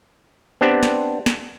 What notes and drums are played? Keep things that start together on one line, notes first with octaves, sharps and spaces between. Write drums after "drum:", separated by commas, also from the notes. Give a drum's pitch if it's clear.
B3 C4 D4 G4 C5
drum: snare
drum: snare